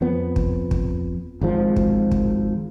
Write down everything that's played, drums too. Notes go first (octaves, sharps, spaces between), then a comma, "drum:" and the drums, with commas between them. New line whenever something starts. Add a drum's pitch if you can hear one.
F2 F3 B3
drum: kick
drum: kick
G#1 G#2 F3
drum: kick
drum: kick